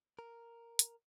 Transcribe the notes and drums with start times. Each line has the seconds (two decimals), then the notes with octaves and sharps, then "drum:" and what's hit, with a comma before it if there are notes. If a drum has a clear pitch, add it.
0.19 A#4
0.79 drum: hi-hat